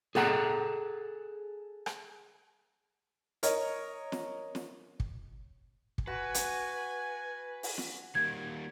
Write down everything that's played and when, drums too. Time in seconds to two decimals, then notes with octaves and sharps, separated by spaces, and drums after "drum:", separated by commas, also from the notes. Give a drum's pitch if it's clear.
0.15 G#4 A4 F#5 A#5, drum: snare
1.86 drum: rim click
3.43 A#4 C#5 D#5, drum: hi-hat
4.12 drum: snare
4.55 drum: snare
5.00 drum: kick
5.98 drum: kick
6.07 F#4 B4 G#5
6.34 drum: hi-hat
7.63 drum: open hi-hat
7.78 drum: snare
8.15 D#3 G3 A#3 G#6